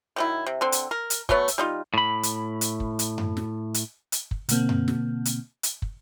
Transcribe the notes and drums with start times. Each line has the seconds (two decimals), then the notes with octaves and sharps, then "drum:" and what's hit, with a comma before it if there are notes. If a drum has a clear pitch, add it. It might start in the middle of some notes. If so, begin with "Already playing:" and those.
0.16 D#3 F#3 E4
0.46 C3
0.61 D3 C4
0.72 drum: hi-hat
0.91 A#4
1.10 drum: hi-hat
1.29 F#3 A3 B3 C#5, drum: kick
1.48 drum: hi-hat
1.58 G3 D#4 F4
1.94 A2 B5
2.23 drum: hi-hat
2.61 drum: hi-hat
2.80 drum: kick
2.99 drum: hi-hat
3.18 drum: tom F#2
3.37 drum: snare
3.74 drum: hi-hat
4.12 drum: hi-hat
4.31 drum: kick
4.49 B2 D3 A#3 C4, drum: hi-hat
4.69 drum: tom F#2
4.88 drum: snare
5.25 drum: hi-hat
5.63 drum: hi-hat
5.82 drum: kick